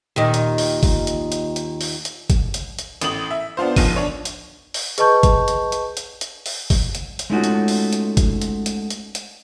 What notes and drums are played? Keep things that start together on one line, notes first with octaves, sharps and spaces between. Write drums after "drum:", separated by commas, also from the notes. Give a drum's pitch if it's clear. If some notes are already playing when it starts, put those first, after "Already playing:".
D#2 A#2 D#3
drum: hi-hat
drum: open hi-hat
drum: kick G1, open hi-hat
drum: hi-hat
drum: hi-hat
drum: hi-hat
drum: open hi-hat
drum: hi-hat
drum: kick G1, hi-hat
drum: hi-hat
drum: hi-hat
A1 A2 D#6 F#7, drum: hi-hat
E5
B3 D4 F4 C5
F#1 B1 F3 D#7, drum: kick G1, open hi-hat
D4 C#5
drum: hi-hat
drum: open hi-hat
G#4 B4 D#5 A5 C#6 G6, drum: hi-hat
drum: kick G1, hi-hat
drum: hi-hat
drum: hi-hat
drum: hi-hat
drum: hi-hat
drum: open hi-hat
drum: kick G1, open hi-hat
drum: hi-hat
drum: hi-hat
G#3 A3 C#4 D#4 F4 F#4
drum: hi-hat
drum: open hi-hat
drum: hi-hat
drum: kick G1, hi-hat
drum: hi-hat
drum: hi-hat
drum: hi-hat
drum: hi-hat